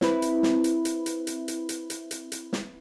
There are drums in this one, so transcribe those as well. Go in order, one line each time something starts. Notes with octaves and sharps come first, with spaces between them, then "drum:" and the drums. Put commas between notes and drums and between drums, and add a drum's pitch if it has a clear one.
C4 E4 B4, drum: snare
drum: hi-hat
drum: snare
drum: hi-hat
drum: hi-hat
drum: hi-hat
drum: hi-hat
drum: hi-hat
drum: hi-hat
drum: hi-hat
drum: hi-hat
drum: hi-hat
drum: snare